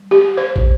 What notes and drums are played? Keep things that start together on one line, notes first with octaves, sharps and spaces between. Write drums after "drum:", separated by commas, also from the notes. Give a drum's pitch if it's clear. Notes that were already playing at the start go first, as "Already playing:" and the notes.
Already playing: G3
G4
C5
drum: kick